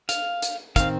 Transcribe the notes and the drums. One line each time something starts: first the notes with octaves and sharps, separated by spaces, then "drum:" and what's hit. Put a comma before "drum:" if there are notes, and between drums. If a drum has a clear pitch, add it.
F5, drum: hi-hat
drum: hi-hat
D#3 C4 F5, drum: kick, hi-hat